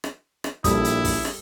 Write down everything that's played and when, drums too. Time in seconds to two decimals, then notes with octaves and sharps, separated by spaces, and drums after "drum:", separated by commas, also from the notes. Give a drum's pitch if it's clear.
0.04 drum: rim click
0.44 drum: rim click
0.64 A#1 G3 E4 A4 D#6, drum: kick, hi-hat
0.84 drum: hi-hat
1.05 drum: kick, open hi-hat
1.25 drum: rim click